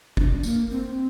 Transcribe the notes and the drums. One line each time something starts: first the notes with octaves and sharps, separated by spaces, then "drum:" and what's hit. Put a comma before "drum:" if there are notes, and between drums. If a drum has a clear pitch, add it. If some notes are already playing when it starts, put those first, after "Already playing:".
D4, drum: kick
A#3, drum: tambourine
C4